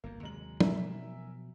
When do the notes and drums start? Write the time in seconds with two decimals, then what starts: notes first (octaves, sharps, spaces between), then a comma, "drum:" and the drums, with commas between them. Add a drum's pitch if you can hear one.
0.04 G1 F2 A#3
0.23 D#2 C3 F#3 G#3 A#5 F#7
0.60 B2 F3 F#3 A#4 E5 G#5, drum: tom